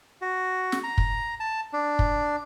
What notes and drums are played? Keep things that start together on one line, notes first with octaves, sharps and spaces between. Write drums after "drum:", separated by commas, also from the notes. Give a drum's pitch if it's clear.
F#4
drum: snare
A#5
drum: kick
A5
D4
drum: kick